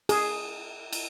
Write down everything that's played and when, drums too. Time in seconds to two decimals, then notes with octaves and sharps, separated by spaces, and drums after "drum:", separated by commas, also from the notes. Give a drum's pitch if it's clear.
0.09 G#4, drum: cymbal
0.93 drum: cymbal